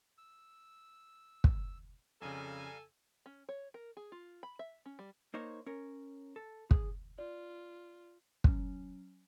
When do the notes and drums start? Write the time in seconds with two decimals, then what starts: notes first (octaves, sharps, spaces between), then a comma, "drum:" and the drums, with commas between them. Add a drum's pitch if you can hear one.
0.18 E6
1.44 drum: kick
2.22 F2 C#3 G3 A4 F5 G#5 A#5
3.26 C#4
3.49 C#5
3.74 A#4
3.97 G#4
4.12 F4
4.43 B5
4.59 E5
4.86 C#4
4.99 G3
5.34 A#3 D#4 C5 C#5
5.66 C#4 A#4
6.36 A4
6.71 G#4, drum: kick
7.18 F4 D5
8.44 F#3 C#4, drum: kick